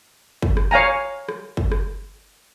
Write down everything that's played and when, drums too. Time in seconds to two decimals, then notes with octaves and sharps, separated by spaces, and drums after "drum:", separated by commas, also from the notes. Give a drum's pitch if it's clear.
0.42 drum: kick
0.57 drum: rim click
0.71 C#5 F5 G#5 A#5
1.29 drum: rim click
1.57 drum: kick
1.72 drum: rim click